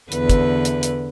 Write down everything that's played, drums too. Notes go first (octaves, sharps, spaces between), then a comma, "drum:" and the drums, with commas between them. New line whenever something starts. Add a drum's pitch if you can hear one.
E2 D3 B4, drum: hi-hat
drum: kick, hi-hat
drum: hi-hat
drum: hi-hat